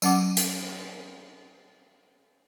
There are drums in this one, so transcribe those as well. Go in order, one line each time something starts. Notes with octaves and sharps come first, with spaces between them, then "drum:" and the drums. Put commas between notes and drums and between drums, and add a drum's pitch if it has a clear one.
F#3 C#4 F#5 D6, drum: tambourine
drum: hi-hat